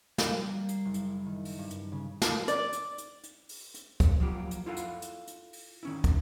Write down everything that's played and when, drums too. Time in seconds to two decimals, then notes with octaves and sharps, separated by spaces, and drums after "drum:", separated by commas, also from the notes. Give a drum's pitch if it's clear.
0.18 G3, drum: snare
0.47 A#3
0.69 C7, drum: hi-hat
0.85 F#1
0.94 drum: hi-hat
1.07 E4
1.26 D#3
1.45 drum: open hi-hat
1.59 G2
1.71 drum: hi-hat
1.92 C#3
2.22 drum: snare
2.48 D5, drum: hi-hat
2.73 drum: hi-hat
2.98 drum: hi-hat
3.24 drum: hi-hat
3.49 drum: open hi-hat
3.75 drum: hi-hat
4.00 drum: kick, hi-hat
4.20 F3 F#3 A#3 F4 G4
4.51 drum: hi-hat
4.66 E4 F4 A4 C#5 F5 F#5
4.77 drum: hi-hat
5.02 drum: hi-hat
5.28 drum: hi-hat
5.53 drum: open hi-hat
5.83 D#3 C#4 E4
6.04 drum: kick, hi-hat